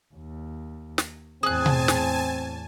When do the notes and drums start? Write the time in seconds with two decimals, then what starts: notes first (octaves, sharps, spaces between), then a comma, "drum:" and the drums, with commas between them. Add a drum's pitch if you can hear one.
0.14 D#2
0.98 drum: snare
1.43 E2 A2 C4 G#4 G#5 A5 F#6
1.66 drum: tom B2
1.88 drum: snare